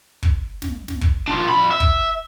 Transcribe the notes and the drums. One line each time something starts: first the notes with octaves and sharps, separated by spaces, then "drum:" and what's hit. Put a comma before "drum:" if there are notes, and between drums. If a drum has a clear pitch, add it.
drum: kick
drum: snare
drum: snare
drum: kick
D4 F4
F2 B5
E5
drum: kick